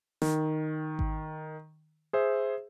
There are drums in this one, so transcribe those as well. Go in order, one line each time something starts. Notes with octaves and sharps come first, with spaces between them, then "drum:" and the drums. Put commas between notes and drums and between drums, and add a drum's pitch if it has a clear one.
D#3, drum: snare
drum: kick G#1
G#4 C5 E5